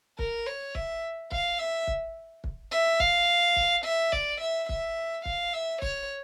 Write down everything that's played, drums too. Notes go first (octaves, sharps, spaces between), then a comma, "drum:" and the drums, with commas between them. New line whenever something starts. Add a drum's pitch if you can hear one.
A#4, drum: kick
C#5
E5, drum: kick
F5, drum: kick
E5
drum: kick
drum: kick
E5
F5, drum: kick
drum: kick
E5
D5, drum: kick
E5
E5, drum: kick
F5, drum: kick
E5
C#5, drum: kick